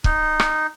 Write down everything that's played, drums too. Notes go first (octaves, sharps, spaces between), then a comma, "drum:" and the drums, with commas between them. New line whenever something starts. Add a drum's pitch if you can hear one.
D#4, drum: kick
drum: rim click